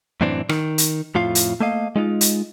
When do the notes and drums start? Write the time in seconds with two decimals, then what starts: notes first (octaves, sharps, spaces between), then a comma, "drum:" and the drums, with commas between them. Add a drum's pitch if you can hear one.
0.21 F#2 A2 E3 C4 D4
0.49 D#3, drum: rim click
0.78 drum: hi-hat
1.15 F2 A2 F4 F5
1.35 drum: hi-hat
1.60 A3 A#3 D#5 F5
1.96 G#3 D#4 F4
2.21 drum: hi-hat